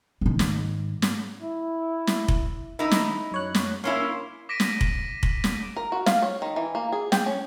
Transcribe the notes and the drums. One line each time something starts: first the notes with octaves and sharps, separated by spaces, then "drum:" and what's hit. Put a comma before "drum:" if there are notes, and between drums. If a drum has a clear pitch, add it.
G#2 D#3
drum: snare
drum: snare
E4
drum: snare
drum: kick F1
D#3 D#4 E4
drum: snare
F#2 C#5 F#6
drum: snare
A#3 C#4 E4 C#5 C6 C#6
D6 A#6 B6 D7 D#7
drum: snare
drum: kick F1
drum: kick F1
drum: snare
A#4
F#4
F5, drum: snare
C#5
D#3
E3
A#3
G#4
G5, drum: snare
C#4